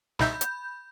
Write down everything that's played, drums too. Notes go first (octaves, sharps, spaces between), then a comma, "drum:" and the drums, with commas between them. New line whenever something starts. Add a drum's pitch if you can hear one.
C2 D#4 E5 B5 G6, drum: snare
drum: hi-hat